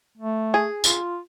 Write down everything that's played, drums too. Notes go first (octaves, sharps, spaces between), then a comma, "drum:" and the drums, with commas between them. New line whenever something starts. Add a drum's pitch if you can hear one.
A3
G#4
F4, drum: tambourine